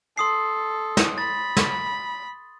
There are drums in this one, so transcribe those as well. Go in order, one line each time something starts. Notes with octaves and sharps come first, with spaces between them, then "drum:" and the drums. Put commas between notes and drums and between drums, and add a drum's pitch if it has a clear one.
A4 C6 D#6 C7
drum: snare
B5 A6
drum: snare